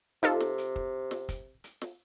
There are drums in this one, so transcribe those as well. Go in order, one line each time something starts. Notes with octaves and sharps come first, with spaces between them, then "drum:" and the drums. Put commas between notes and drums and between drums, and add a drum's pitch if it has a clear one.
C3 D#4 F4 A4, drum: hi-hat
drum: snare
drum: hi-hat
drum: kick
drum: snare
drum: kick, hi-hat
drum: hi-hat
drum: snare